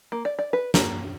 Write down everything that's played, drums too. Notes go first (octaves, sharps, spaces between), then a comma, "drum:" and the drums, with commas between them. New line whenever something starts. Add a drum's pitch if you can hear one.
A#3
D5
D5
B4
A#3, drum: snare